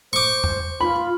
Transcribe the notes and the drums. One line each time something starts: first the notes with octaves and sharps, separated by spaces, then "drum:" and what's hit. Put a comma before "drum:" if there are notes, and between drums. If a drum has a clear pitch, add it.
C5 C#6 D6
drum: tom E2
F4 B5